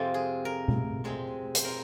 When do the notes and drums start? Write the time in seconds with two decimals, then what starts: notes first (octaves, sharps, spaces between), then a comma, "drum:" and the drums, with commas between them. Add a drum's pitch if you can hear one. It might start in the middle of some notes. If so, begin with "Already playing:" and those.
Already playing: F2 C3 G#3 C4 F4
0.14 G#4
0.45 A#4
0.68 drum: tom B2
1.04 C3 G#3 C4 G#4
1.55 C5, drum: hi-hat
1.65 A#4